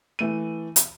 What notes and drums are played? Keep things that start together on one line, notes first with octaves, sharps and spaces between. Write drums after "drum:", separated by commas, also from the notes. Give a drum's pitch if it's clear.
E3 A3 D#7
drum: hi-hat